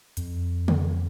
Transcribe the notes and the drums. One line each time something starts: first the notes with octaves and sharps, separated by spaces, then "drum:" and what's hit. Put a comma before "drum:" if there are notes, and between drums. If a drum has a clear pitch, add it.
F2, drum: hi-hat
drum: tom C#3